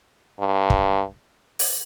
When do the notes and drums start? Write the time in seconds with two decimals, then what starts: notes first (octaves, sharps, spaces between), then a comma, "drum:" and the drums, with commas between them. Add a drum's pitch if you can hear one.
0.40 G2
0.70 drum: kick
1.59 drum: open hi-hat